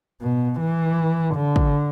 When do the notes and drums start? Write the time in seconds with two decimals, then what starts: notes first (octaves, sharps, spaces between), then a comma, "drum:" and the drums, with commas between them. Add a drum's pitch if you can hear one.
0.22 B2
0.61 E3
1.35 D3
1.56 drum: kick